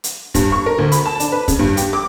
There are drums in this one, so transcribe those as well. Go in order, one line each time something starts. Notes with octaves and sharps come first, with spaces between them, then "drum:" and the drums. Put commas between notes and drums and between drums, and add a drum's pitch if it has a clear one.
drum: hi-hat
G2, drum: kick, hi-hat
C#6
A#4
D2
B5, drum: hi-hat
A5
D4, drum: hi-hat
B4
C#3, drum: kick, hi-hat
G2
G4, drum: hi-hat
D6